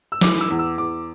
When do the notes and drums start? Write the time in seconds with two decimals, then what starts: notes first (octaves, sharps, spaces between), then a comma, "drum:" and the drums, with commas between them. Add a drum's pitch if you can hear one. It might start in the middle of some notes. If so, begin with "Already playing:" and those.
0.12 E6
0.21 E3 D6, drum: snare
0.41 E6
0.50 E2
0.59 E6
0.78 E2 D6